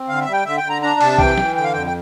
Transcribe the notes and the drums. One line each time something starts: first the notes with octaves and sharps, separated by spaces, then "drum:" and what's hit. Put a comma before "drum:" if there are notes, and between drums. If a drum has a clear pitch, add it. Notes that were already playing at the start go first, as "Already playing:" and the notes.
Already playing: C4
D3 F5
E5
G3
G5
D3 E5
G5
D3
A#5
D4 A#5
C3 A5, drum: cymbal
E3 G5, drum: kick B1
E3, drum: snare
D3 G5
F5
F2 G5
G5